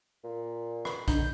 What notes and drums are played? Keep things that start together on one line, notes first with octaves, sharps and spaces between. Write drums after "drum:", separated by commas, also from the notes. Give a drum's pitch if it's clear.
A#2
B4, drum: rim click
D3 D#4 G6, drum: kick A#1, hi-hat